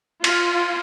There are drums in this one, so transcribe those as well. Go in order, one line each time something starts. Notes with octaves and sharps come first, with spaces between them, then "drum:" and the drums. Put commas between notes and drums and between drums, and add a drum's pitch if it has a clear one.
F4, drum: cymbal